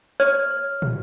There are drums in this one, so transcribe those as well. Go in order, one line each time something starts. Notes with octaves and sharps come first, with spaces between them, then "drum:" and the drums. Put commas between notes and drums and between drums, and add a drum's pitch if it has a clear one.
C#5 F6
drum: tom